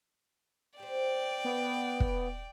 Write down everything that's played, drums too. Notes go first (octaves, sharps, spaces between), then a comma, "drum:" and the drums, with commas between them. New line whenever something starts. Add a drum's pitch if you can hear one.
G4 C5 D5 G5
B3
drum: kick